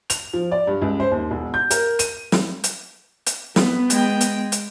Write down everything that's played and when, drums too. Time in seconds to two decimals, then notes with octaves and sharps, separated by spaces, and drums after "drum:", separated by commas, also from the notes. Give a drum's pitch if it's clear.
0.10 F7, drum: hi-hat
0.33 F3
0.52 D5
0.67 G2
0.82 C#2
1.00 C5
1.12 D#2
1.31 E1
1.54 G6
1.70 A#4, drum: hi-hat
1.99 D#7, drum: hi-hat
2.32 drum: snare
2.64 drum: hi-hat
3.26 drum: hi-hat
3.56 B3, drum: snare
3.90 G#3 G5, drum: hi-hat
4.21 drum: hi-hat
4.52 drum: hi-hat